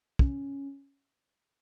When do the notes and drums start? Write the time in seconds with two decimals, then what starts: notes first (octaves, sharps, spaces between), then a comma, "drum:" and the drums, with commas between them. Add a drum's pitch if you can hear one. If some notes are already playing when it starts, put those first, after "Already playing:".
0.19 C#4, drum: kick